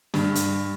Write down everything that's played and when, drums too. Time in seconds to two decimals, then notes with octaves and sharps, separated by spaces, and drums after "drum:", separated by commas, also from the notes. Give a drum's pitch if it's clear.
0.14 G2, drum: snare
0.35 drum: hi-hat